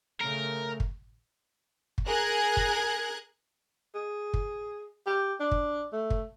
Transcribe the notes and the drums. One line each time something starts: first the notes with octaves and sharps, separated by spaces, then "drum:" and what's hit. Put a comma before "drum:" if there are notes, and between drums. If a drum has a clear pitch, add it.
C#3 A3 A#4
drum: kick
drum: kick
G#4 A#4 G#5 F#6 G#6 A#6
drum: kick
G#4
drum: kick
G4
D4
drum: kick
A3
drum: kick